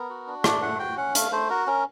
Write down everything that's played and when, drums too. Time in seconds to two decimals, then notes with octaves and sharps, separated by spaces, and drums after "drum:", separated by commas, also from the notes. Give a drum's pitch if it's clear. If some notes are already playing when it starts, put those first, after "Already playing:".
Already playing: B3 A#4
0.10 F#4
0.27 D4
0.44 A3 D5, drum: rim click
0.62 A3 F#5
0.79 F#4 G5
0.97 C#4 F#5
1.15 A3 F5, drum: hi-hat
1.32 A3 C5
1.50 F#4 A#4
1.67 C#4 A#4